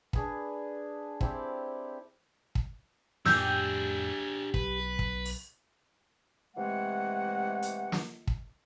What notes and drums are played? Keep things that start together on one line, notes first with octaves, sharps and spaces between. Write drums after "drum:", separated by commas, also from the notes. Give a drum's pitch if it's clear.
D4 G#4 B4, drum: kick
C4 E4 G4 D5, drum: kick
drum: kick
F2 A2 A3 D4 G4 G#4 E6 G6, drum: snare
B1 B4, drum: kick
drum: kick
drum: open hi-hat
C3 E3 G#3 A3 F#5
drum: hi-hat
drum: snare
drum: kick